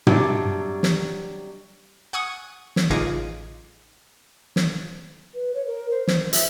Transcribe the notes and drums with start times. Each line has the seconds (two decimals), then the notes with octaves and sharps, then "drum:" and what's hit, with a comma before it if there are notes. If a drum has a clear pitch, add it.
0.07 C3 F#3 G3 D4, drum: tom
0.83 drum: snare
2.13 F#5 G#5 C#6 D#6
2.76 drum: snare
2.90 A1 C#3 D#4 F4 G#4 D6
4.56 drum: snare
5.35 B4
5.54 C#5
5.66 A#4
5.91 C5
6.08 C5, drum: snare
6.33 E5, drum: hi-hat